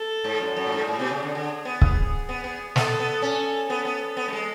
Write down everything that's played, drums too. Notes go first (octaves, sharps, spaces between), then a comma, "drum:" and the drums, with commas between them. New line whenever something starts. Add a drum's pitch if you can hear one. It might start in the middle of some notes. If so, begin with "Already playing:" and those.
Already playing: A4
G#2
F#2
F#2
A2
G#2
A2 G#4
B2
C#3
D3
D3
B3
G#4, drum: kick C#1
B3
B3
B3 A4, drum: snare
B3
C#4
B3 A4
B3
B3
A3
G#3